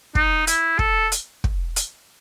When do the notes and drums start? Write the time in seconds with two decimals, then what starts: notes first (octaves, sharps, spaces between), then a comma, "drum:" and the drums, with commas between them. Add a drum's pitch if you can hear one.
0.15 D#4, drum: kick
0.47 E4, drum: hi-hat
0.79 A4, drum: kick
1.12 drum: hi-hat
1.44 drum: kick
1.76 drum: hi-hat